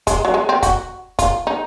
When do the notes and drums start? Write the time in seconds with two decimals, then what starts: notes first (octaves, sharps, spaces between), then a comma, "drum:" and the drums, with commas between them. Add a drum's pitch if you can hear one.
0.07 G#3, drum: kick, hi-hat
0.25 F#3
0.34 G#3
0.49 C4
0.63 F#4, drum: kick, hi-hat
1.19 F4, drum: kick, hi-hat
1.47 D#4